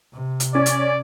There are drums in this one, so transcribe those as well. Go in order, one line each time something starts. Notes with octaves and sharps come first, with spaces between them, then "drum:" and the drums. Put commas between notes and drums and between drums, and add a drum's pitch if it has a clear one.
C3
drum: hi-hat
C#4 D5
drum: hi-hat